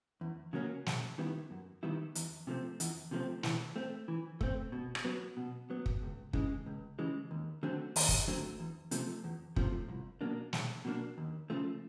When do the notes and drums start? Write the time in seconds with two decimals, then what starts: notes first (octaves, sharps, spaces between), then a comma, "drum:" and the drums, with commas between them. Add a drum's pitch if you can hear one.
0.21 E2
0.53 C#3 F#3 A#3 C#4
0.86 F#2, drum: snare
1.18 D#3 G3 B3 E4
1.51 F#2
1.83 D#3 G3 B3 E4
2.15 E2, drum: hi-hat
2.47 C3 F3 A3 C4
2.80 E2, drum: hi-hat
3.11 C3 F3 A3 C4
3.43 E3, drum: snare
3.76 A3 C4
4.08 E3
4.41 A3 C4, drum: kick
4.72 B2
4.95 drum: rim click
5.05 F#3 B3
5.37 B2
5.70 F#3 B3
5.86 drum: kick
6.02 C#2
6.33 C#3 E3 G#3, drum: kick
6.66 C#2
6.99 C#3 E3 G#3
7.31 D#2
7.63 D3 F#3 A3 C4
7.96 D#2, drum: open hi-hat
8.09 drum: kick
8.28 D3 F#3 A3 C4
8.60 E2
8.91 C3 F3 A3, drum: hi-hat
9.24 E2
9.56 C3 F3 A3, drum: kick
9.88 C2
10.21 B2 F#3 A#3 D4
10.53 C2, drum: snare
10.85 B2 F#3 A#3 D4
11.18 D#2
11.50 C#3 F3 A3